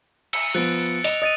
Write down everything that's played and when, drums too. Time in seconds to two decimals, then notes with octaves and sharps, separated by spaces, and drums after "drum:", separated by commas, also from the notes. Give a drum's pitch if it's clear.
0.33 E6 C#7, drum: cymbal
0.55 F3 B3 F#6 A6 D7
1.04 D#5 F7, drum: open hi-hat
1.22 D#5 D#6 A6 D#7